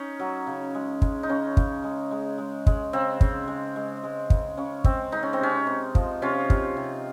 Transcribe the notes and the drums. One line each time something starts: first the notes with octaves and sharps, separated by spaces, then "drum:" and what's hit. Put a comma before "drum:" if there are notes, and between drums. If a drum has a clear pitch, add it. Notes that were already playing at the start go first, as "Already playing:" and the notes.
Already playing: C#4 D#4
F#3
C#3
G#3
G#3, drum: kick
D#4
C#3 C#4
C#3, drum: kick
G#3
G#3
G#3
G#3, drum: kick
C#3 C4
C#3, drum: kick
G#3
G#3
G#3
C#3, drum: kick
C#3 C#4
G#3 C4, drum: kick
G#3 D#4
C#4
C4
C3 C#4
C3
F3, drum: kick
C3 C#4 F4
C3, drum: kick
C3